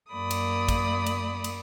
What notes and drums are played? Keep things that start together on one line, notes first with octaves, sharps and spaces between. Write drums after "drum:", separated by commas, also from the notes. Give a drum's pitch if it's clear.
F#2 A#3 D5 B5 D#6
drum: cymbal
drum: kick, cymbal
drum: cymbal
drum: cymbal